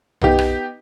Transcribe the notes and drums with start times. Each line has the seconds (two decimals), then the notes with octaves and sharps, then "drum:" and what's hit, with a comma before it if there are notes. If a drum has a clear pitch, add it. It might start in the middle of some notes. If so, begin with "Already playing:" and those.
0.21 B3 D#4 G4, drum: tom B1
0.39 drum: rim click